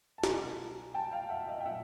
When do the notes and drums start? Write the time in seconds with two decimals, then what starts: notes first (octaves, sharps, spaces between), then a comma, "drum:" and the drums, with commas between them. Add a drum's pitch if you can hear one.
0.18 A5
0.24 C2 B2 F#3 G#5 A#5, drum: snare
0.94 G5 A5
1.12 F5 G5
1.29 E5 F#5
1.47 D#5 F5
1.61 G5
1.66 A#2 F#3 E5 F#5